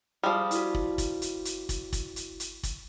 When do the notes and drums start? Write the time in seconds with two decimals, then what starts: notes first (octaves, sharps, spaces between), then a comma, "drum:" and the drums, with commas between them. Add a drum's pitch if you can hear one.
0.23 F3 G3 G#4 D#6 F6
0.51 E4 F#4, drum: hi-hat
0.74 drum: kick
0.98 drum: kick, hi-hat
1.22 drum: hi-hat
1.45 drum: hi-hat
1.69 drum: kick, hi-hat
1.93 drum: kick, hi-hat
2.16 drum: hi-hat
2.40 drum: hi-hat
2.63 drum: kick, hi-hat